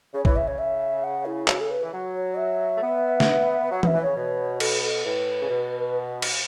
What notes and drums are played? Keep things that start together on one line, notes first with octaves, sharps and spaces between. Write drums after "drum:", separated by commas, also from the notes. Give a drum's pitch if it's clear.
C#3 C#5
E3 C#5, drum: kick A#1
C#3 E5
C#5
E5
F#5
E4
F#4, drum: clap
A4
B4
E3
F#3
C#5
E5
A3
B3
drum: snare
F#3 F#5
B2 E5, drum: tom E3
E3
C#3 C#5
B2
A4, drum: cymbal
A4
A2 B4
C#3
B2
drum: cymbal